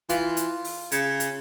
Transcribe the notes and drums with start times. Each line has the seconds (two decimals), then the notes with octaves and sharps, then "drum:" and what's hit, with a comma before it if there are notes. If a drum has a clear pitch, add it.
0.09 E3 F4, drum: hi-hat
0.37 drum: hi-hat
0.64 drum: open hi-hat
0.92 C#3, drum: hi-hat
1.20 drum: hi-hat